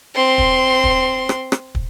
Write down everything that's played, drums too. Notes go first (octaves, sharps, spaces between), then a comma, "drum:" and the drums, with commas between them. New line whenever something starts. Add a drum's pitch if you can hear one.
C4 C6
drum: kick
drum: kick
drum: rim click
drum: rim click
drum: kick